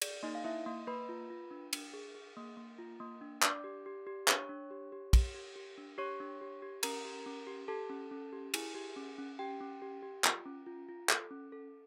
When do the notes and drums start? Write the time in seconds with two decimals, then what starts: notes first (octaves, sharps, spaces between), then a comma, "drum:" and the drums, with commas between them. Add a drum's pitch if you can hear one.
0.02 G#4 D5, drum: cymbal
0.23 A#3 D#4 D#5
0.35 F5
0.44 A#3 E4 E5
0.66 A#3
0.87 A#3 B4 B5
1.09 F4
1.30 F4
1.51 D4
1.73 D4, drum: cymbal
1.94 G#4
2.15 G#4
2.37 A#3
2.57 A#3
2.79 F4
3.00 A#3
3.21 D4
3.42 D4 D5 D6, drum: clap
3.64 G4
3.86 G4
4.07 G4
4.28 D4 C#5 C#6, drum: clap
4.49 D4
4.71 G4
4.92 G4
5.13 G4, drum: kick, cymbal
5.34 G4
5.56 G4
5.78 D4
5.98 G4 C#5 C#6
6.20 D4
6.41 G4
6.62 G4
6.83 C#4 A#4 A#5, drum: cymbal
7.05 G4
7.26 C#4
7.47 G4
7.68 G4 A4 A5
7.90 C#4
8.11 C#4
8.33 G4
8.54 E4 G#4 G#5, drum: cymbal
8.74 G4
8.96 C#4
9.18 C#4
9.39 G4 G5
9.60 C#4
9.82 G4
10.03 G4
10.24 F4, drum: clap
10.46 C#4
10.66 F4
10.89 F4
11.09 A4, drum: clap
11.31 C#4
11.52 A4